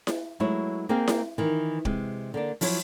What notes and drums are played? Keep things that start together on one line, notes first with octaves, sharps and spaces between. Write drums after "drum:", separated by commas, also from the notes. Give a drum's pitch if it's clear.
drum: snare E4
F#3 G#3 A3 E4 B4 C#5
A#3 C4 D#4 G#4 A#4 F5
drum: snare E4
D#3 E3
C3 G#3, drum: kick D1
D3 A#3 D4
F3 F#3 E4 C#5, drum: open hi-hat